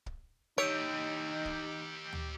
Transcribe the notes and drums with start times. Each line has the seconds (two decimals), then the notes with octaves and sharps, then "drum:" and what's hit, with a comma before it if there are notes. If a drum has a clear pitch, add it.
0.06 drum: kick
0.58 D#4 G4 C#5 D#5 E6 G6 D7
1.45 drum: kick
2.13 drum: tom D2